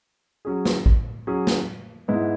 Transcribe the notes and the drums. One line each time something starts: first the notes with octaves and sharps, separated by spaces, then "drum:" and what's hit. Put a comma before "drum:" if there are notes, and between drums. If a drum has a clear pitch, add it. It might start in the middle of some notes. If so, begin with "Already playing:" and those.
F#3 C#4 G#4
drum: snare
drum: kick
F#3 C#4 G#4
drum: snare
G#2 G#3 B3 E4